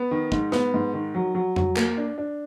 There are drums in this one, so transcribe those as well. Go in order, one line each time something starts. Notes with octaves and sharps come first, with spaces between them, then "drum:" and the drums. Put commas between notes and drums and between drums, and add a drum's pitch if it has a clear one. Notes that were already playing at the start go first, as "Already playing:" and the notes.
Already playing: B3
D#3
G#2, drum: kick
B3, drum: snare
G#2
D#3
F#3
F#3
F#3, drum: tom F2
A#3, drum: clap
D4
D4